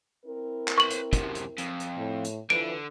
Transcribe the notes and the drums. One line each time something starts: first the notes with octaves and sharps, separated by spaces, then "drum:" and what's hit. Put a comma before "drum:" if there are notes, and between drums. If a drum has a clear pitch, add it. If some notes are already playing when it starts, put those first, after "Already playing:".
C4 E4 A#4
drum: clap
B4 C6 C#6 F#7
drum: hi-hat
F#2 C3, drum: kick, hi-hat
drum: hi-hat
F2, drum: hi-hat
drum: hi-hat
A2
drum: hi-hat
D3 E3 F3 D7